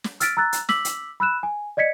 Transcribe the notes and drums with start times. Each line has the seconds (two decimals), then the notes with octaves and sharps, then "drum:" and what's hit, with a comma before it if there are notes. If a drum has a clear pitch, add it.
0.04 drum: snare
0.20 E6 F6 A6 B6 D7, drum: hi-hat
0.37 A#5 E6 F#6 A6
0.53 drum: hi-hat
0.69 D6 E6 B6 F#7, drum: snare
0.85 drum: hi-hat
1.20 B5 E6 F#6 E7
1.43 G#5
1.77 D5 D#5 G#6 B6 C#7